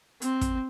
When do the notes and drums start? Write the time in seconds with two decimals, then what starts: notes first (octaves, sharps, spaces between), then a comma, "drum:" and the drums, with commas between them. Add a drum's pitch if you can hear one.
0.22 C4, drum: hi-hat
0.41 drum: kick, hi-hat